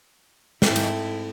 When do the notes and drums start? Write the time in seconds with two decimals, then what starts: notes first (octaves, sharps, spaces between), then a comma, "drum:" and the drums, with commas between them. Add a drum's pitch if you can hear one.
0.62 G#2 A3 C4 E4, drum: snare
0.76 drum: cymbal